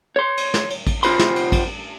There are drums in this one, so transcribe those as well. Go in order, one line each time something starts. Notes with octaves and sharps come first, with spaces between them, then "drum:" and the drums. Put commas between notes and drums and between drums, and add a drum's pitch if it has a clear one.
C#5 C6
drum: cymbal
drum: snare
drum: cymbal
drum: kick A1, cymbal
C3 F4 C5 B5 C6, drum: cymbal
drum: snare
drum: cymbal
drum: kick A1, cymbal